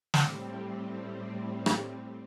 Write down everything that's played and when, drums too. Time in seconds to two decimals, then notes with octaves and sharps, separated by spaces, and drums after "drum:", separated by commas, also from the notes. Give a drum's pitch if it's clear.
0.14 A2 G3 C4, drum: snare
1.66 drum: rim click